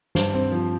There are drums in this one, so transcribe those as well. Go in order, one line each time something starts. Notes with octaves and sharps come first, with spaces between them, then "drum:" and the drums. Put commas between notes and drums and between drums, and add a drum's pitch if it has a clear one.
G2 C5, drum: snare
C4
F3